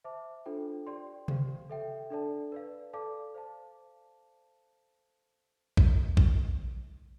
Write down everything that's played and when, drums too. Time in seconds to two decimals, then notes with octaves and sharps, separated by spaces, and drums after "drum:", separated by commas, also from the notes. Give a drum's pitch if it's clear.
0.04 C5 E5 A5 D6
0.46 D4 F4 A4 C5 G5
0.86 G4 D5 G5 C6
1.28 G4 C5 F5, drum: tom C3
1.69 A4 E5 G5
2.10 D4 A4 D5 A5
2.52 B4 D5 F5
2.93 A4 D5 F5 A5 D6
3.34 C5 F5 A5
5.77 drum: kick A#1
6.17 drum: kick A#1